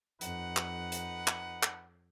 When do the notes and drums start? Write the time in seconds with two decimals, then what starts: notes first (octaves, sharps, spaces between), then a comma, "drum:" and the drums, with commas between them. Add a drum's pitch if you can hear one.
0.21 F2 D#4 B4 F#5, drum: hi-hat
0.57 drum: clap
0.92 drum: hi-hat
1.27 drum: clap
1.63 drum: clap